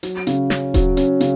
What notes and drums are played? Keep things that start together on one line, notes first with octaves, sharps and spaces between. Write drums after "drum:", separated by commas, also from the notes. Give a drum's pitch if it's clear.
F#3, drum: hi-hat
C#3, drum: hi-hat
C#4, drum: snare
F#3, drum: kick D#1, hi-hat
C#4, drum: hi-hat
C#3, drum: hi-hat